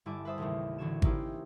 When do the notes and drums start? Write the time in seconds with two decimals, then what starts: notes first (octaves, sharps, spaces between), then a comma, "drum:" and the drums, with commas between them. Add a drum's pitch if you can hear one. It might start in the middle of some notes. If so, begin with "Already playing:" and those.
0.06 G1 G2 E4 G#5 A5 D6
0.25 B4 C5 E5 A5 D#6
0.38 A1 D#2 C#3
0.78 A1 D3 E3 F#4 G#6 E7
1.02 A#3 C#4 D#4 E4 G4 C5, drum: kick G#1